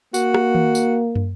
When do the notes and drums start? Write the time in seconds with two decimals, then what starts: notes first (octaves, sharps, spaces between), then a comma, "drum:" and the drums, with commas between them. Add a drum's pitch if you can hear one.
0.14 A#3 F#4, drum: tambourine
0.34 drum: rim click
0.55 drum: tom D#3
0.75 drum: tambourine
1.16 drum: tom